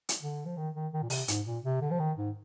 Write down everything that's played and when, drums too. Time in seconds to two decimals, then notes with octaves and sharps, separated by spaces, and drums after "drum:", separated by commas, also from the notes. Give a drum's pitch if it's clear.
0.09 drum: hi-hat
0.21 D3
0.46 F3
0.57 D#3
0.75 D#3
0.93 D#3
1.03 A#2
1.10 C3, drum: open hi-hat
1.28 G#2, drum: hi-hat
1.46 A#2
1.64 C3
1.82 D3
1.91 F3
2.00 D#3
2.17 G#2